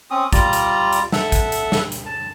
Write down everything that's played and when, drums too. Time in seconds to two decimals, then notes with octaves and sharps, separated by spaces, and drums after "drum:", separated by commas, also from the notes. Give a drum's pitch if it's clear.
0.11 C4 C#4 D#6
0.33 G3 F4 D5 A#5, drum: kick, hi-hat
0.53 drum: hi-hat
0.93 drum: hi-hat
1.12 A4 E5 F#5, drum: snare
1.32 drum: kick, hi-hat
1.52 drum: hi-hat
1.72 drum: snare
1.92 drum: hi-hat
2.06 A5